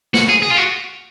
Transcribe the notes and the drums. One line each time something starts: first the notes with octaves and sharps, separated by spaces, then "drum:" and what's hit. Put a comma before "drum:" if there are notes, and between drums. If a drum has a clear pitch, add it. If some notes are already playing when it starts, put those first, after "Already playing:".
F#4, drum: snare
G#4
G#4
F4
F#4